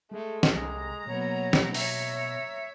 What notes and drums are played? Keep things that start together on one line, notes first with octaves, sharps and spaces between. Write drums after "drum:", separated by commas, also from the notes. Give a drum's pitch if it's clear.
G#3 A3
drum: snare
C2 G#3 A#5
B2 F#3 A#3 B3 C#5
drum: snare
C#5 E5, drum: open hi-hat